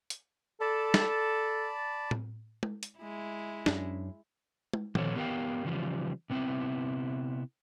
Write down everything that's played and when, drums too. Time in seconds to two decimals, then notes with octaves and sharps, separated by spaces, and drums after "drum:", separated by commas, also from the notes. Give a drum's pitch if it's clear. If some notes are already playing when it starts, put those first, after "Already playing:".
0.10 drum: hi-hat
0.61 A4 D5 A5 B5
0.94 drum: snare
2.11 drum: tom A2
2.63 drum: tom
2.83 drum: hi-hat
2.98 G#3 E4
3.66 F#2 C#4 D4, drum: snare
4.73 drum: tom
4.95 A#2 F3 A4 C#5, drum: tom D#3
5.15 B3 G4 A#4 B4 F5 G5
5.65 C#3 E3 F3 G3
6.30 C3 B3 C4 E4